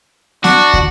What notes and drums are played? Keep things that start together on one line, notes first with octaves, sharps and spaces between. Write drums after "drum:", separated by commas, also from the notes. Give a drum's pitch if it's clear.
D4 F#4, drum: snare
drum: kick